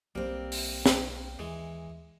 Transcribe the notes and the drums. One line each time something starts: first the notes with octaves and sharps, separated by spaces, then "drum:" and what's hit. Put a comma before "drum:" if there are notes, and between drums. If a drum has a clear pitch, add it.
B1 G3 A#3 C4
drum: open hi-hat
drum: snare
D#2 E3 G#3